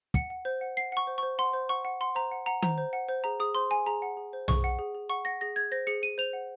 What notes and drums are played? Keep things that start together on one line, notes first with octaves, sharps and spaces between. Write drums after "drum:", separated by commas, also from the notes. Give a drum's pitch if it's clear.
F#5 C#7, drum: kick
F#5
C5
F#5
F#5 C7
F#5 C#6
C5
C#6
C5
F#5 C6
C5
F#5 C#6
F#5
F#5 C6
C5 A#5
F#5
F#5 A#5
C5 A#5, drum: tom D#3
C5
F#5
C5
G#4 A#5
G#4 D#6
C5 C6
G#4 G#5
G#4 A#5
F#5
G#4
C5
G#4 C#6, drum: tom B1
F#5
G#4
G#4
F#5 C#6
F#5 A#6
G#4 A#6
G#4 G#6
C5 A#6
G#4 C#7
G#4 D#7
C5 F7
F#5